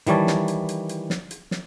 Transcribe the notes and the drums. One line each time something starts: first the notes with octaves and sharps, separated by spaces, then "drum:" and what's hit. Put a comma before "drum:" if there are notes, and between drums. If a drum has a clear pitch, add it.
D#3 E3 G3 C#5 A5, drum: hi-hat
drum: snare
drum: hi-hat
drum: hi-hat
drum: hi-hat
drum: snare
drum: hi-hat
drum: snare